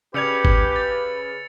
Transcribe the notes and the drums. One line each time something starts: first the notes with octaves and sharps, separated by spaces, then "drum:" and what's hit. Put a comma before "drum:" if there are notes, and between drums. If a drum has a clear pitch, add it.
C#3 G4 B4 D5 E6 G#6 C#7 F7
drum: kick
A6